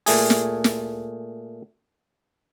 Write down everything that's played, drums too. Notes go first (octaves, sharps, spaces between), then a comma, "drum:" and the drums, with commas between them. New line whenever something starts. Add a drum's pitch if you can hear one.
A#2 A3 G#4, drum: open hi-hat
drum: snare
drum: snare